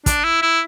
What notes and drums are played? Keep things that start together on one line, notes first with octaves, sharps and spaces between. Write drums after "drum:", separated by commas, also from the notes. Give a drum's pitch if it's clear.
D4, drum: kick, hi-hat
E4
E4